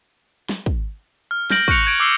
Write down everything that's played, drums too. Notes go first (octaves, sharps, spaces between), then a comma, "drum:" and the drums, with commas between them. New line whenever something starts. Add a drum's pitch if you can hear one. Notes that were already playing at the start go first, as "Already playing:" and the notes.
drum: snare
drum: kick
F6
F6 G6 A#6 D7 F#7, drum: snare
C#6 F6 F#6 C#7 F7, drum: kick
G#6 D7
D6 E6 C7 G7